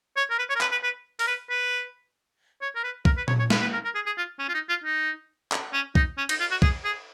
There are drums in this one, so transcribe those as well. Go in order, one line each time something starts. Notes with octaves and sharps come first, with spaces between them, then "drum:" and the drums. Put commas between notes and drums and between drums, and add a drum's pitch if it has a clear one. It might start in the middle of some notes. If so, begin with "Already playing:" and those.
C#5
A#4
B4
C#5
A#4
B4, drum: clap
B4
B4
A#4, drum: open hi-hat
B4
B4
C#5
A#4
B4
A#4, drum: kick B1
B4
C#5, drum: tom A#2
C#5
B4, drum: snare
B4
A#4
A#4
G#4
G#4
F4
C#4
F4
D#4
F4
D#4
drum: clap
C#4
D#4, drum: kick B1
C#4
D#4, drum: cymbal
F4
F#4
G#4, drum: kick B1
G#4